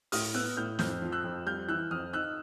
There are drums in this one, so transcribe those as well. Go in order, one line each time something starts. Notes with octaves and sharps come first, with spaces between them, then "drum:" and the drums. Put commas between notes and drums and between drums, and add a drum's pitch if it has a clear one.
A2 D#6 F6, drum: open hi-hat
B3 E6 F#6
A2 F6 G6
F2 F6 G6, drum: snare
F3
E6 F#6
F2
G3 F6 G6
E3 E6 F#6
F2 D#6 F6
D#4 E6 F#6